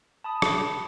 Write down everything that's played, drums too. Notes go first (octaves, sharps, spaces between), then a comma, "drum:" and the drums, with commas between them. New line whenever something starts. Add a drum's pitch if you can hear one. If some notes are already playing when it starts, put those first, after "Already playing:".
A5 B5 D#6
drum: rim click